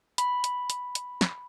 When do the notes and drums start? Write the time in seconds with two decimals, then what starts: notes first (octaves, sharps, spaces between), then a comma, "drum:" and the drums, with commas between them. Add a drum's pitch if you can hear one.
0.18 B5, drum: hi-hat
0.44 drum: hi-hat
0.70 drum: hi-hat
0.95 drum: hi-hat
1.21 drum: snare